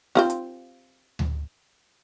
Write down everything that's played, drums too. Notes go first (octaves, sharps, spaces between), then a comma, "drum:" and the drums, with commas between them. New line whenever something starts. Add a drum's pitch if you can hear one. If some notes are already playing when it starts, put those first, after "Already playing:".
C4 F4 G4, drum: snare D#4
drum: hi-hat
drum: tom D2